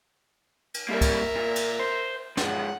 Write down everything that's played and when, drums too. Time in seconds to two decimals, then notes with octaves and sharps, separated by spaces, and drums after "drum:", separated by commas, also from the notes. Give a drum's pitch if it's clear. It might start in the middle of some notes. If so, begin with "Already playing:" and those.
0.74 drum: cymbal
0.89 G3 A#3 A#4 E5
1.01 drum: kick C2, cymbal
1.36 A#2
1.56 drum: cymbal
1.80 C5
2.37 F3 G#3 F#5, drum: snare